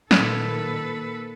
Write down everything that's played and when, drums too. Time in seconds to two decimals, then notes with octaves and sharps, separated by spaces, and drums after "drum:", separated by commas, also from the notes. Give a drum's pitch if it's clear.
0.11 A#2 D#3 A#3 A4 B4, drum: snare